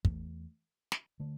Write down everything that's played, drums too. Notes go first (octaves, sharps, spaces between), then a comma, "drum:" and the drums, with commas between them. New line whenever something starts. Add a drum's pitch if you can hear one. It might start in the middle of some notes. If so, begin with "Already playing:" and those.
E2 E3 A3, drum: kick
drum: snare
D3 A3